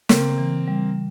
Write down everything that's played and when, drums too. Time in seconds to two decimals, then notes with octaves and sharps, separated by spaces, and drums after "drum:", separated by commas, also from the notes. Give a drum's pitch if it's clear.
0.09 C#3 A#3 C4, drum: snare
0.38 E3
0.68 G3